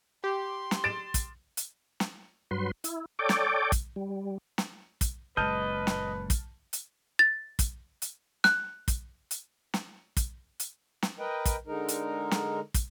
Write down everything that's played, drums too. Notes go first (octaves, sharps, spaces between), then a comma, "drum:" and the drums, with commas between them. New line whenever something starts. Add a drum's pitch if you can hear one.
G4 C6
drum: snare
A6 D7 E7
drum: kick, hi-hat
drum: hi-hat
drum: snare
G2 F#3 B4 C6
E4, drum: hi-hat
A4 C#5 D5 G5 D6
drum: snare
drum: kick, hi-hat
G3
drum: snare
drum: kick, hi-hat
F#1 A#2 G#3 B4 D#5 A5 F6 G6
drum: snare
drum: kick, hi-hat
drum: hi-hat
A6
drum: kick, hi-hat
drum: hi-hat
F#6, drum: snare
drum: kick, hi-hat
drum: hi-hat
drum: snare
drum: kick, hi-hat
drum: hi-hat
drum: snare
A#4 B4 D#5 G5
drum: kick, hi-hat
D3 G#3 D#4 A#4
drum: hi-hat
drum: snare
drum: kick, hi-hat